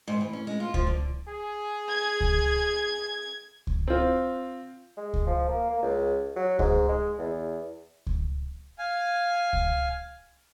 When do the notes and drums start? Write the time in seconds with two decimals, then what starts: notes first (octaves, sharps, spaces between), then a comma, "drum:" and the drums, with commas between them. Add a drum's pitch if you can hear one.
0.08 G#2
0.21 E3
0.33 C#4
0.47 G#3
0.60 F4
0.74 F3, drum: kick C#2
0.87 D3
1.28 G#4
1.90 G#6
2.21 drum: kick C#2
3.67 drum: kick C#2
3.87 C4 F4
4.97 G#3
5.14 drum: kick C#2
5.27 F3
5.48 A#3
5.70 A#3
5.82 C#2
6.36 F#3
6.59 G#2, drum: kick C#2
6.89 G#3
7.18 E2
8.07 drum: kick C#2
8.79 F5 G#5
9.53 drum: kick C#2